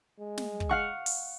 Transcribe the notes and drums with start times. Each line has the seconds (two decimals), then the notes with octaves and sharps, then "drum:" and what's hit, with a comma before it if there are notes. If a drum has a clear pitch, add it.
0.19 G#3
0.38 drum: snare
0.60 drum: kick
0.69 F5 F#5 C#6
1.06 drum: open hi-hat